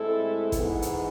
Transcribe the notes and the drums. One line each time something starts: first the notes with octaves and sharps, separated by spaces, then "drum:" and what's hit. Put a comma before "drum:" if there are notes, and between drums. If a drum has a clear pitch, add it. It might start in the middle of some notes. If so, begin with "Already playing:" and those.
Already playing: A2 G#3 C4 E4 A4
G#2 E3 B3, drum: kick G#1, hi-hat
drum: hi-hat